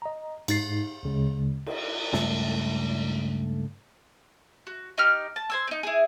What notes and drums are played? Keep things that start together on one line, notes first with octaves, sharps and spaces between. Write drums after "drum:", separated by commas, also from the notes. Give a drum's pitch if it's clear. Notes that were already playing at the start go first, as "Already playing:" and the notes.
D#5 A#5
G#2 D#4 A6 C7, drum: cymbal
D2 C#3 G#3
drum: cymbal
C#2 G2 A3 A4 E5, drum: snare
F#4
D#4 G4 F6
A5
C5 G#5 E6
C4 D#4
E4 G#4